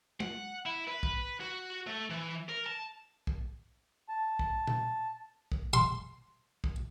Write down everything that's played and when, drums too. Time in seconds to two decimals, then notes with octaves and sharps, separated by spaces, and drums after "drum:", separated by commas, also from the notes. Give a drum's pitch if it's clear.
0.20 F#5, drum: tom
0.66 E4
0.88 B4
1.03 drum: kick
1.40 F#4
1.87 A3
2.10 E3
2.49 A#4
2.66 A5
3.27 drum: kick
4.09 A5
4.39 drum: kick
4.67 drum: tom
5.52 drum: kick
5.73 C6
6.64 drum: kick